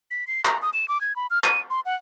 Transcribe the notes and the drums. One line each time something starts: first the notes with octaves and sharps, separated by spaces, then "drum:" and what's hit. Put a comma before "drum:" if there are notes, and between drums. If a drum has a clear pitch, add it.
B6
C7
A#5, drum: clap
D#6
E7
D6
G#6
B5
F6
D#7, drum: clap
C6
F#5